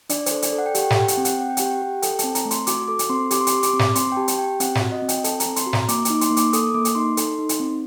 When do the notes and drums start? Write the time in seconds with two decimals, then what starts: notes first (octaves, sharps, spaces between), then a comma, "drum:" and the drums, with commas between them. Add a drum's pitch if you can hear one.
0.09 D4 D5, drum: hi-hat
0.26 A4 C5, drum: hi-hat
0.42 D5, drum: hi-hat
0.52 A4
0.58 F#5
0.66 G5
0.75 G4 F#5, drum: hi-hat
0.83 G5
0.90 F#5, drum: snare
0.95 G4 G5
1.08 F#5, drum: hi-hat
1.16 C4 G5
1.25 F#5, drum: hi-hat
1.32 G5
1.39 C4 F#5
1.50 G5
1.57 G4 F#5, drum: hi-hat
1.66 G5
1.74 F#5
1.82 G4
2.02 A4 G5, drum: hi-hat
2.19 C4 A5, drum: hi-hat
2.35 A#5, drum: hi-hat
2.45 A3
2.51 C6, drum: hi-hat
2.67 F#4 D6, drum: hi-hat
2.88 A4 D6
2.99 drum: hi-hat
3.10 C4 C6
3.31 G4 D6, drum: hi-hat
3.41 C6
3.47 D6, drum: hi-hat
3.52 G4
3.63 D6, drum: hi-hat
3.73 C4
3.79 D6, drum: snare
3.95 C4 C6, drum: hi-hat
4.12 G5
4.16 G4 A5
4.28 drum: hi-hat
4.38 G4 G5
4.60 C4 F#5, drum: hi-hat
4.75 F#5, drum: snare
4.81 F#4
4.92 D#5
5.02 C4
5.09 G5, drum: hi-hat
5.24 A4 A5, drum: hi-hat
5.40 A#5, drum: hi-hat
5.46 C4
5.56 C6, drum: hi-hat
5.66 F#4
5.73 A#5, drum: snare
5.89 A#3 D6, drum: hi-hat
6.05 D#4 D6, drum: hi-hat
6.21 C6, drum: hi-hat
6.31 A#3
6.37 D6, drum: hi-hat
6.53 A4 D#6, drum: hi-hat
6.74 A#3 D6
6.85 drum: hi-hat
6.95 D#4 C6
7.17 A4, drum: hi-hat
7.39 D#4
7.49 drum: hi-hat
7.60 C4